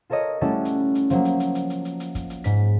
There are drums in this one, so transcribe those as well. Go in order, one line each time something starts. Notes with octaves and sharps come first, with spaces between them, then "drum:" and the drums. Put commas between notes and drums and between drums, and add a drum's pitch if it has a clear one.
F4 A4 A#4 C#5 D#5
G3 A3 C#4 E4 F#4 A4
drum: hi-hat
drum: hi-hat
F3 F#3 A#3, drum: hi-hat
drum: hi-hat
drum: hi-hat
drum: hi-hat
drum: hi-hat
drum: hi-hat
drum: hi-hat
drum: kick, hi-hat
drum: hi-hat
G#2 B6, drum: hi-hat